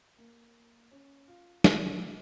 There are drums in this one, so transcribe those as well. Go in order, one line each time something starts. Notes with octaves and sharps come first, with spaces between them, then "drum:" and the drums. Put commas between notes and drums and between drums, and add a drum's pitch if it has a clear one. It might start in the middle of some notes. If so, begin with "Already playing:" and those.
A#3
C#4
F4
F4, drum: snare